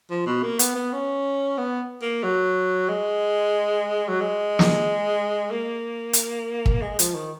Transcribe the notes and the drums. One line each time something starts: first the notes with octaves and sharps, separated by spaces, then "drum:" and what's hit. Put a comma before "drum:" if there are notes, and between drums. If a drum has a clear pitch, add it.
F3
B2
A#3
B3, drum: hi-hat
B3
C#4
B3
A#3
F#3
G#3
F#3
G#3
drum: snare
A#3
drum: hi-hat
drum: kick
G#3
F3, drum: hi-hat
D#3